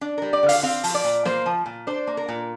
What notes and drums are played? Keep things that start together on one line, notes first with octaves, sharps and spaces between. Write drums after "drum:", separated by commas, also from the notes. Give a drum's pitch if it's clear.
D4
G3 A#4
D5
D3
F5, drum: open hi-hat
C4 F5
F3, drum: open hi-hat
D5
A#2
A#3 C5, drum: snare
F3
A#2
D4 C5
A#3
A#4
A#2